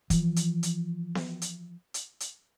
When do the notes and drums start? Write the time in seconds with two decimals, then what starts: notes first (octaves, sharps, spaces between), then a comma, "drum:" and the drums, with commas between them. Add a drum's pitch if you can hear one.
0.10 E3 F3, drum: kick, hi-hat
0.36 drum: hi-hat
0.63 drum: hi-hat
1.15 drum: snare B3
1.42 drum: hi-hat
1.94 drum: hi-hat
2.20 drum: hi-hat